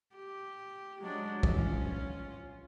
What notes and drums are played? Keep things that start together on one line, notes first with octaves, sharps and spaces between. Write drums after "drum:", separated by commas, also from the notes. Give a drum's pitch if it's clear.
G4
F#3 G#3 D4
C#4 F4, drum: kick